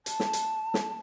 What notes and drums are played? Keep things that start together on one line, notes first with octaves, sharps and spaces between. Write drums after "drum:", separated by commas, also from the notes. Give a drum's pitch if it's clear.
A5, drum: hi-hat
drum: snare
drum: hi-hat
drum: snare